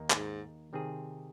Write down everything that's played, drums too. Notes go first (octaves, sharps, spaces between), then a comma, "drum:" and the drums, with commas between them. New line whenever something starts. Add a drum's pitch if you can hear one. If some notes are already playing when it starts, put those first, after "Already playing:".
Already playing: D#2 D#3 A#3 D#4
G#2, drum: clap
C3 D#3 C4 G#4